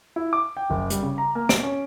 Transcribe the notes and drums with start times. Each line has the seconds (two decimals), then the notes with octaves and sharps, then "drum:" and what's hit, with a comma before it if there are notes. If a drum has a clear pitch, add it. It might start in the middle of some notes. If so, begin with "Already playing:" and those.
0.16 E4
0.33 D6
0.57 G5
0.70 F#1
0.90 G3, drum: hi-hat
1.03 C#3
1.18 A#5
1.35 A#3
1.49 D7, drum: snare
1.63 C#4